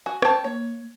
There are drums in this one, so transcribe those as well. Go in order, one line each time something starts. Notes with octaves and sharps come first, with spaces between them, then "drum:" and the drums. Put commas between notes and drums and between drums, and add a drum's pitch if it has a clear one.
F#4 G#5
G5 A5, drum: rim click
A#3 C#5